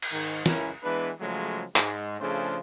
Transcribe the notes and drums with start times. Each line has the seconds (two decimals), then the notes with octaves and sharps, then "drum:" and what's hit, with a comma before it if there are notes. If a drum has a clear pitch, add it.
0.02 drum: cymbal
0.12 G#2 D#3
0.46 C#2 F#2 E3 C#4 E4 A#4, drum: snare
0.83 E3 G#3 B3 D4 B4
1.20 C#3 F3 F#3 G#3 A3
1.76 G#2 G#3, drum: clap
2.21 C#3 F3 A3 D4 G#4 C5